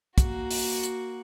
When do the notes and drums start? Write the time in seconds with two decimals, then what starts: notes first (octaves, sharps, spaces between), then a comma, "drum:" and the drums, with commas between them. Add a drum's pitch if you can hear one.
0.18 A#3 F#4, drum: kick, hi-hat
0.51 drum: open hi-hat
0.83 drum: hi-hat